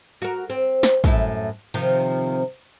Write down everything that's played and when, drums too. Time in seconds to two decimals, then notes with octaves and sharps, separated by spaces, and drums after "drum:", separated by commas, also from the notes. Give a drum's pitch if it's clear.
0.22 F#4 A#4
0.50 C4
0.83 drum: snare
1.04 F#2 A2 E4, drum: kick
1.74 C3 D#3 F3, drum: cymbal